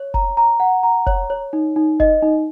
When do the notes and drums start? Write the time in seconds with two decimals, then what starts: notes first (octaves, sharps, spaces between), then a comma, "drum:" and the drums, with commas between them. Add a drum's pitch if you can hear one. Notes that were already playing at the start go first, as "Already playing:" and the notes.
Already playing: C#5
0.14 A#5, drum: kick F1
0.37 A#5
0.60 F#5
0.83 A#5
1.07 C#5, drum: kick F1
1.30 C#5
1.53 D#4
1.76 D#4
2.00 D#5, drum: kick F1
2.23 D#4